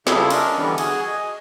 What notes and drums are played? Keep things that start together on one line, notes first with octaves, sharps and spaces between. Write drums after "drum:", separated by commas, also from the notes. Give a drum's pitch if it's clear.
C#3 G3 E4 F4 G#4 A4, drum: snare
C#4 D4 A#4 D#5, drum: cymbal
D3 E3 G3 B3
F#4 G#4 G#5, drum: cymbal
D#5